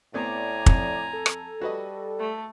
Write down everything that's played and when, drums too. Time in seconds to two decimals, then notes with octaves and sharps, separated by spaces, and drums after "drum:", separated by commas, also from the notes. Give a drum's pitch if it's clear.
0.14 A2 A3 B3 C4 D5 G#5 A#5
0.66 F2, drum: kick
1.13 A4
1.26 drum: rim click
1.62 G3 F#4 B4 D#5
2.19 A3